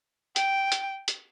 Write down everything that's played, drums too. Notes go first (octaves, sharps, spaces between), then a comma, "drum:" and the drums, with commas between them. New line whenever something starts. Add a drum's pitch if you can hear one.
G5, drum: hi-hat
drum: hi-hat
drum: hi-hat